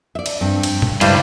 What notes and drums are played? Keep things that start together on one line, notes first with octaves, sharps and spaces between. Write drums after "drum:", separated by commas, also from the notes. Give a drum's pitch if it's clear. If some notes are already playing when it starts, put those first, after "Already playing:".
D5 E5
drum: cymbal
G2 C4
drum: cymbal
drum: tom A#2
C#2 G2 G3 D#4 E4 C5, drum: cymbal